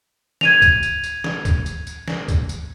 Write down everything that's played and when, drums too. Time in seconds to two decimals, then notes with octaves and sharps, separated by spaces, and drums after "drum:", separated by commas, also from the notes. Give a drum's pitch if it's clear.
0.41 G#6 D#7 F7, drum: snare
0.62 drum: kick, tambourine
0.83 drum: tambourine
1.04 drum: tambourine
1.24 drum: snare
1.45 drum: kick, tambourine
1.66 drum: tambourine
1.87 drum: tambourine
2.08 drum: snare
2.28 drum: kick, tambourine
2.49 drum: tambourine